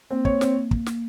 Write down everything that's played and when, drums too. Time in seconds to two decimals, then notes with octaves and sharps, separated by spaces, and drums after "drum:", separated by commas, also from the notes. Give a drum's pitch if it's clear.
0.10 A#3 C4
0.25 C#5, drum: kick
0.41 C4, drum: snare
0.71 drum: kick
0.86 drum: snare